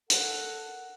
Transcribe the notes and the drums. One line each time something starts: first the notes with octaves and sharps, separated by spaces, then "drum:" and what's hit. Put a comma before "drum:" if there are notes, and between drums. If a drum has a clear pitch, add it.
A4 A#4 F#5, drum: hi-hat